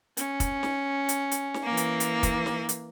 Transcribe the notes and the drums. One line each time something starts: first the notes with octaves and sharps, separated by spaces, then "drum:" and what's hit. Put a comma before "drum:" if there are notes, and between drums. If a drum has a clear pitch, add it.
C#4, drum: hi-hat
drum: kick, hi-hat
drum: snare
drum: hi-hat
drum: hi-hat
drum: snare
E3 A#3
drum: hi-hat
drum: hi-hat
drum: kick, hi-hat
drum: snare
drum: hi-hat